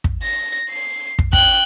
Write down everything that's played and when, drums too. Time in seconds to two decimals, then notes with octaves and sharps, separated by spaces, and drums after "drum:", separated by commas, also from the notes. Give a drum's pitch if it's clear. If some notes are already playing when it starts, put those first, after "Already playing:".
0.04 drum: kick
0.23 A#6
0.70 C7
1.19 drum: kick
1.33 G5 F#6, drum: kick